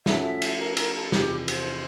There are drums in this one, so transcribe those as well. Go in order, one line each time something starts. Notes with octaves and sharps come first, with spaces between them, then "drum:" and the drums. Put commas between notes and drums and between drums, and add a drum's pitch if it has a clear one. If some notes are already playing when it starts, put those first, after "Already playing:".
F3 A3 C#4 F#4 A4 E5, drum: snare
drum: cymbal
A#4
B4
A#4, drum: cymbal
A4
E2 C3 F3 G4, drum: snare
C5, drum: cymbal